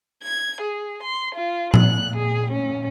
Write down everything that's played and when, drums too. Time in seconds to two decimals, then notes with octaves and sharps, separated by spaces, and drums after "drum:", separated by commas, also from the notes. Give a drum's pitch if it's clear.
0.23 G#6
0.61 G#4
1.02 C6
1.35 F4
1.74 F#6, drum: tom A#2
2.16 G#4
2.51 C#4